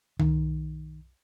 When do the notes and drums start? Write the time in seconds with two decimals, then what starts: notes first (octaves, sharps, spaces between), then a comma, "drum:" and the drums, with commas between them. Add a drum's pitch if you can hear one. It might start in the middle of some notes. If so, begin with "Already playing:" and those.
0.19 D#3, drum: tom C2